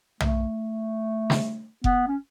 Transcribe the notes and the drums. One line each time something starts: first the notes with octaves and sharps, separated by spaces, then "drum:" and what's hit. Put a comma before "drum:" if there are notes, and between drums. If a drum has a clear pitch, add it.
A3, drum: tom B1
drum: snare
B3, drum: kick F1
C#4